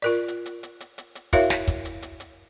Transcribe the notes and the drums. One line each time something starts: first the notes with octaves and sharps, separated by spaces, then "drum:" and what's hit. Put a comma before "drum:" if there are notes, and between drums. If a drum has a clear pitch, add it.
F4 A#4 D5
drum: hi-hat
drum: hi-hat
drum: hi-hat
drum: hi-hat
drum: hi-hat
drum: hi-hat
E4 F#4 A#4 C#5 E5 F5, drum: kick, hi-hat
drum: snare
drum: kick, hi-hat
drum: hi-hat
drum: hi-hat
drum: hi-hat